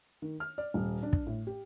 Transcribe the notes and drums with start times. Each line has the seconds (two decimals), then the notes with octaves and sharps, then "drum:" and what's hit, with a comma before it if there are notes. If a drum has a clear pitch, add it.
0.22 D#3
0.40 F6
0.58 D5
0.74 D#1
1.03 D4
1.13 drum: kick
1.27 A2
1.47 G4